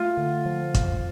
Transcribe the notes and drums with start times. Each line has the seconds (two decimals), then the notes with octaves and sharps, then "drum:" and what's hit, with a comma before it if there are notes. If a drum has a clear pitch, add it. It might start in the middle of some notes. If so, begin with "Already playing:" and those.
Already playing: A3 F4
0.17 D3
0.46 F3
0.74 F2, drum: kick, hi-hat